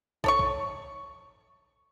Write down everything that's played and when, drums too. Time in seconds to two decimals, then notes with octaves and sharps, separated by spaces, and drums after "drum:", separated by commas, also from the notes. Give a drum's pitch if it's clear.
0.24 A4 C#5 C#6, drum: kick
0.39 drum: kick